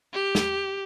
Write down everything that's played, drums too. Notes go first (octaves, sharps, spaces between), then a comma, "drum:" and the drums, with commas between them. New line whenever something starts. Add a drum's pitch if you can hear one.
G4
drum: snare